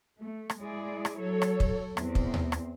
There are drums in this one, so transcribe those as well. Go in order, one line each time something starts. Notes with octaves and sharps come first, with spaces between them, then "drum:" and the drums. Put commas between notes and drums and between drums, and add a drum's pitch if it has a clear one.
A3
drum: rim click
G#3 E4 G#4 D5
drum: rim click
F#3 A4 C#5
drum: rim click
drum: kick
E2 C4, drum: rim click
drum: kick
drum: tom D#2
drum: rim click